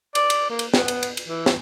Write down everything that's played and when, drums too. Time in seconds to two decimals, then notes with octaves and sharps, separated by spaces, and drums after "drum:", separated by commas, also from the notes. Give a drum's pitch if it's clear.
0.15 D5, drum: cymbal
0.30 drum: cymbal
0.50 A#3
0.59 drum: cymbal
0.74 B3, drum: snare
0.88 drum: cymbal
1.03 drum: cymbal
1.17 drum: cymbal
1.28 E3
1.46 drum: snare